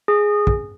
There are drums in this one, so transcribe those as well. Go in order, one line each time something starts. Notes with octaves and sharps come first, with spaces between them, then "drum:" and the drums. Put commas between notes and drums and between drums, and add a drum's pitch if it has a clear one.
G#4
drum: kick